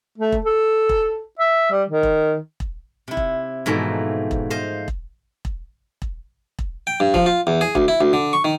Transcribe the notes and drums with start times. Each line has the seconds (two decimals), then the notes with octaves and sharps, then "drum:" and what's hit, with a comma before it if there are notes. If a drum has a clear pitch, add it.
0.18 A3
0.32 drum: kick E1
0.45 A4
0.89 drum: kick E1
1.39 E5
1.72 G3
1.89 D#3
2.03 drum: kick E1
2.60 drum: kick E1
3.08 C3 E4
3.17 drum: kick E1
3.66 G#2 B2 E3 F3 A3 A#3
4.31 drum: kick E1
4.50 C5 D#5 F5
4.88 drum: kick E1
5.45 drum: kick E1
6.02 drum: kick E1
6.59 drum: kick E1
6.87 G5
7.00 G2
7.14 F3, drum: kick E1
7.26 F4
7.47 E2
7.61 G#4
7.75 D2, drum: kick E1
7.88 E4
8.01 D2
8.13 D3
8.33 C#6
8.44 D#3